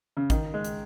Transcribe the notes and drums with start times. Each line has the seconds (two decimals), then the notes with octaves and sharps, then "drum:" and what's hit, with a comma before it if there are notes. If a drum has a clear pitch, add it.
0.17 C#3
0.30 D#3, drum: kick A1, hi-hat
0.54 G#3
0.65 drum: hi-hat